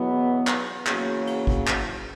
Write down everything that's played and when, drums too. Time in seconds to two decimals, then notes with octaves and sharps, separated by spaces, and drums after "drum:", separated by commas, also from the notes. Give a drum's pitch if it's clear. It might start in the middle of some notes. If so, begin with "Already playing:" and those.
Already playing: E2 B2 F#3 B3
0.47 drum: clap
0.86 E2 C#3 F#3 A#3, drum: clap
1.27 drum: cymbal
1.47 drum: kick
1.67 drum: clap